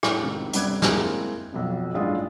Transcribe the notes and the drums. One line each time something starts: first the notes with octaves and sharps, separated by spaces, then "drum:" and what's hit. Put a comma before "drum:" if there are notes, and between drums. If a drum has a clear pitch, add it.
A2 F6, drum: rim click
C#2 C3 D#3
G1 C3 G3 D6 F#6 G#6, drum: hi-hat
G#3 A#3 C4 E4, drum: snare
B1 F2 B2
A1 G2 G#3 D4 F4 D#6